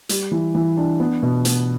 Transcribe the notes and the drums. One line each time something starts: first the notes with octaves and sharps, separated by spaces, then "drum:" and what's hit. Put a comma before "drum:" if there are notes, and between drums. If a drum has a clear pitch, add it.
G3, drum: hi-hat
E3
E3
D4
B3
B2
B3, drum: hi-hat